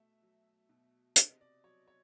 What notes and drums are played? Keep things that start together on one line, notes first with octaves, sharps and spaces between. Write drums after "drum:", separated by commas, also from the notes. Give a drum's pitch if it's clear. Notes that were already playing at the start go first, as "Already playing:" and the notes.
Already playing: B2 A3 E5
F#3
B2
C3 D#5, drum: hi-hat
D5
F#3 C#5
C#5